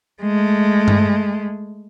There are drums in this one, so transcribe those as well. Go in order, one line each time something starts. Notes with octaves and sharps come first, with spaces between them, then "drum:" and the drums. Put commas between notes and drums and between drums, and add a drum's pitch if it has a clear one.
G#3 A3
drum: tom G2